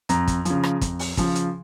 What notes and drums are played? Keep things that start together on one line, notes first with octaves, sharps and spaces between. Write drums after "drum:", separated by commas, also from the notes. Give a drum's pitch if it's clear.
F2 A#5, drum: hi-hat
drum: kick, hi-hat
C#3 F3, drum: hi-hat
drum: rim click
F2, drum: kick, hi-hat
drum: open hi-hat
C#3 F3, drum: kick, hi-hat
drum: hi-hat